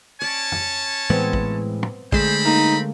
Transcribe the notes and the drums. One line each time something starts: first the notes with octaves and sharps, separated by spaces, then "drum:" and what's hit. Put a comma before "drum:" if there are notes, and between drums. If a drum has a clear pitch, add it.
C#4 C#5 D5 A5
drum: tom
A2 E3 G#3 B3 C4
drum: kick A1
drum: tom
D3 G#3 A3 C4 G#4 C5 A5 B5, drum: kick A1
A#3 D#4